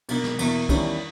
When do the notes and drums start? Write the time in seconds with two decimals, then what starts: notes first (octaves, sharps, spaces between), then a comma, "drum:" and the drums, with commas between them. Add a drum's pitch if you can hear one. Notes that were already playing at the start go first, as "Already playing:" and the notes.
0.09 B2 A#3 D#4, drum: cymbal
0.24 drum: snare
0.39 E2 B2 A#3 E4, drum: cymbal
0.69 E2 D#3 G3 C#4 E4, drum: kick, cymbal